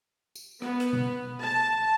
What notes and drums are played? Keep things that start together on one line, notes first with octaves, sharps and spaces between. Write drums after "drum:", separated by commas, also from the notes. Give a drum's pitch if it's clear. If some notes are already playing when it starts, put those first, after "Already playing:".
drum: tambourine
B3, drum: rim click
drum: hi-hat
drum: tom B2
A5